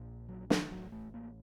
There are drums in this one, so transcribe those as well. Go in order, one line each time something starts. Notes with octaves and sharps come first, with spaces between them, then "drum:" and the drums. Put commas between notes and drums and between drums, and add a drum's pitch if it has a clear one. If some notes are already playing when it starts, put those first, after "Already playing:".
Already playing: A#1 A#2
F#3
D#3, drum: snare
A1 A2 F#3
A3
A#3